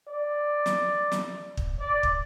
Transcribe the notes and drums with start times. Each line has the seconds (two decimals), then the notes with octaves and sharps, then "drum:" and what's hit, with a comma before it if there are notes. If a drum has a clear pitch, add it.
0.08 D5
0.66 drum: snare
1.12 drum: snare
1.57 drum: kick
1.80 D5
2.03 drum: kick